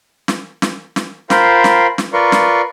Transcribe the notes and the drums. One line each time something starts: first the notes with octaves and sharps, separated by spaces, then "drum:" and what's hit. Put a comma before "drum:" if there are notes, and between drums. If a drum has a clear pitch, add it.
drum: snare
drum: snare
drum: snare
F4 A#4 C5 F5 G5 B5, drum: snare
drum: snare
drum: snare
F4 A#4 B4 D5 C6 C#6
drum: snare